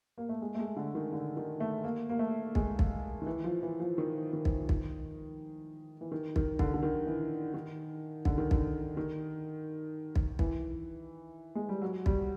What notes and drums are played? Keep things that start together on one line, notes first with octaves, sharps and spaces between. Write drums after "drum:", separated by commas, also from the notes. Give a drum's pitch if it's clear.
A#3
A3
G#3
A3
G#3
D3
D#3
D3
D#3
A3
A#3
A#3
A3
G#3, drum: kick
drum: kick
D#3
E3
F3
E3
F3
D#3
D#3
drum: kick
drum: kick
E3
D#3
D#3, drum: kick
D3, drum: kick
D3
D#3
E3
D#3
D3, drum: kick
D#3
D3, drum: kick
D#3
drum: kick
E3, drum: kick
G#3
G3
F#3
G3, drum: kick